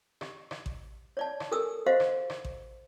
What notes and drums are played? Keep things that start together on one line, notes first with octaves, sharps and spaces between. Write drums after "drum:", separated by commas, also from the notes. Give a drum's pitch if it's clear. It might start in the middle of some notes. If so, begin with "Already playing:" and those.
G4, drum: rim click
drum: rim click
drum: kick A1
C#5 D5 A5
drum: rim click
G4 A4 A#4 G#5 D#6 E6
F#4 G4 C5 D#5 F5 F#5
drum: rim click
drum: rim click
drum: kick A1